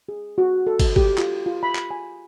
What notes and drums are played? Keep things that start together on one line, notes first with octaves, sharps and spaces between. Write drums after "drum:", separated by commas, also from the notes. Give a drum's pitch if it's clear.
G#4
F#4
A4
drum: kick, cymbal
G4, drum: kick
F4, drum: clap
F4
B5
drum: clap
G#5